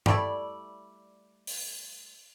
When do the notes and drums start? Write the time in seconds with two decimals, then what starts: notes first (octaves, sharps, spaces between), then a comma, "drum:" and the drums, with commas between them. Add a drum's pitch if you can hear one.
0.06 G3 A3 E4 D5, drum: tom
1.47 drum: open hi-hat